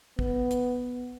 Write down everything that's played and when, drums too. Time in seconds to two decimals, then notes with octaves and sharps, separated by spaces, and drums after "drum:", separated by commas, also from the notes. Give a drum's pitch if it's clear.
0.19 B3, drum: kick
0.51 drum: hi-hat